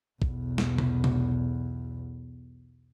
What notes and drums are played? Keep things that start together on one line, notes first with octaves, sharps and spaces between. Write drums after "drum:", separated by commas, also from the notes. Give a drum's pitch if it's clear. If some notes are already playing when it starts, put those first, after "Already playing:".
B1 E2, drum: kick
drum: snare
drum: tom C3
drum: tom C3